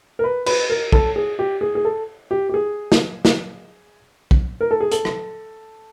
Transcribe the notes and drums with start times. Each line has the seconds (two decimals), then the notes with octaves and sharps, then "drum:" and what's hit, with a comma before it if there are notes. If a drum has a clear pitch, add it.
0.19 A#4
0.24 B4
0.46 B4, drum: cymbal
0.70 A#4
0.92 A4, drum: kick
1.16 G#4
1.39 G4
1.61 G#4
1.75 G#4
1.85 A4
2.31 G4
2.49 G4
2.54 G#4
2.92 drum: snare
3.25 drum: snare
4.31 drum: kick
4.61 A#4
4.71 A4
4.81 G#4
4.92 A4, drum: hi-hat
5.05 drum: rim click